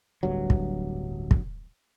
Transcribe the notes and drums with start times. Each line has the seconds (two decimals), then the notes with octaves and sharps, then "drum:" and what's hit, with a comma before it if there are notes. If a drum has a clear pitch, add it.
0.23 D1 G1 G2 F#3
0.50 drum: kick
1.31 drum: kick